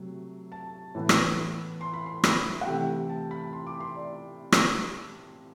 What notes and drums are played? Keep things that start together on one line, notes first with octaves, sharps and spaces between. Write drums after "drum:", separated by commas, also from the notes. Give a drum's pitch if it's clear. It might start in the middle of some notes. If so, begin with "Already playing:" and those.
Already playing: C3 F#3 A3
A5
A2 E3 B3
drum: rim click
C6
B5
C6
B5, drum: rim click
F#5
C3 E3 A3 G5
A5
B5
C6
D6
C6
D5
drum: rim click